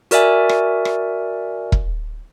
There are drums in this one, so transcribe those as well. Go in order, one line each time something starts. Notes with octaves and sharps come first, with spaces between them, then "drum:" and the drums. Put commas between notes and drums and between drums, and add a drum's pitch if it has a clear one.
F#4 A#4 D5 E5 G#5, drum: hi-hat
drum: rim click
drum: rim click
drum: kick E1